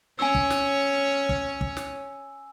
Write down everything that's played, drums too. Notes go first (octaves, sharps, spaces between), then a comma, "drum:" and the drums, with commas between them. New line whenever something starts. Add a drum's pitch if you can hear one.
C#4 C#5 G#5 E6
drum: kick
drum: snare
drum: kick
drum: kick
drum: snare